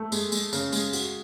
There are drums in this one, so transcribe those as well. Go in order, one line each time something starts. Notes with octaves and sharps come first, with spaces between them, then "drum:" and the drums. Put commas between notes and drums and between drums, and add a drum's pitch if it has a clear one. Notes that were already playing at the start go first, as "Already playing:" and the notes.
Already playing: A3
G#3, drum: tambourine
G#3, drum: tambourine
C#3, drum: tambourine
G#3, drum: tambourine
F#4, drum: tambourine